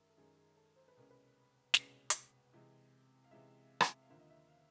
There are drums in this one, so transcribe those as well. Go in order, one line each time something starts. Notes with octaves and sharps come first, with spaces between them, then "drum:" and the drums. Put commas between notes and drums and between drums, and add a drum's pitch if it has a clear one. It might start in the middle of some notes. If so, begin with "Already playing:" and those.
Already playing: F#2 D#3 G#3 A#4 E5
A4
F#2 D#3 G#3 C#4 G#4
G#4
A4
C5
B4
C2 B2 G#3 C#4 A#4
B4
C2 B2 G#3 C#4, drum: snare
drum: hi-hat
C3 E3 G#3
F5
C3 E3 G#3 E5
drum: rim click
F5
D#2 D3 F3 A#3 E5
D#5
E5
F5